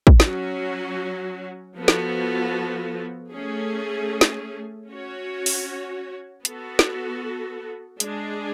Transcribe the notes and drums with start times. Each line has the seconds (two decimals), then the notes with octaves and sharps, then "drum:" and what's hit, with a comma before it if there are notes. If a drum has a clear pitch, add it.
0.07 drum: kick
0.20 F#3 C#4 F#4, drum: snare
1.77 F3 B3 F#4 A4
1.88 drum: snare
3.32 A3 C#4 G#4
4.21 drum: snare
4.88 C#4 F#4 C#5
5.46 drum: open hi-hat
6.45 B3 F#4 A4, drum: hi-hat
6.79 drum: snare
8.00 G#3 D4 G#4, drum: hi-hat